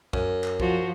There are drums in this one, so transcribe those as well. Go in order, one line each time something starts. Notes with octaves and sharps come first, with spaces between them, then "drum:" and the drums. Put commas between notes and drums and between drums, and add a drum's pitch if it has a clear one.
F#2, drum: kick
drum: clap
F3 F#4, drum: kick